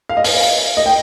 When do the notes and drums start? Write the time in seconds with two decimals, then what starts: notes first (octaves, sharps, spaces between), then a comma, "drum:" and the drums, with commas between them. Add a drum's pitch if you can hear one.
0.09 F5
0.17 D#5
0.24 F5, drum: open hi-hat
0.77 D#5
0.86 G5